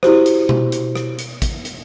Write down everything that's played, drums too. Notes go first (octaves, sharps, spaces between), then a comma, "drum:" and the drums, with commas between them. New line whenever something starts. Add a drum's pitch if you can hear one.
E4 F#4 G4 C5, drum: rim click
drum: hi-hat
drum: tom B2
drum: hi-hat
drum: rim click
drum: hi-hat
drum: kick, hi-hat
drum: hi-hat